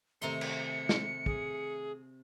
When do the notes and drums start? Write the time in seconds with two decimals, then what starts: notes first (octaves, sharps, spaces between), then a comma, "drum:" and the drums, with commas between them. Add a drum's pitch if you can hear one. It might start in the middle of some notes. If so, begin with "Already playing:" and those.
0.22 C3 D#3 A3 A#5 C6 C#7
0.41 drum: cymbal
0.89 drum: snare
1.26 G#4, drum: kick